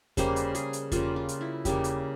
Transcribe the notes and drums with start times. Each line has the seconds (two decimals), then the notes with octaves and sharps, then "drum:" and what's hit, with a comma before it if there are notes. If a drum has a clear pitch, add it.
0.17 C#3 G3 A#3 C5, drum: kick E2, hi-hat
0.36 drum: hi-hat
0.55 G#4, drum: hi-hat
0.73 drum: hi-hat
0.92 C#3 G3 A#3 F4, drum: kick E2, hi-hat
1.16 F4
1.29 drum: hi-hat
1.41 E4
1.65 C#3 G3 A#3 G4, drum: kick E2, hi-hat
1.84 drum: hi-hat